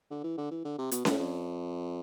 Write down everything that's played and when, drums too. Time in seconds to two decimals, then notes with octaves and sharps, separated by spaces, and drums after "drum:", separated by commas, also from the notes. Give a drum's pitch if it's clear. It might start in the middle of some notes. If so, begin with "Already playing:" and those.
0.11 D3
0.23 E3
0.37 D3
0.51 E3
0.64 D3
0.78 C3
0.91 B2, drum: hi-hat
1.05 A2, drum: snare C#4
1.19 F2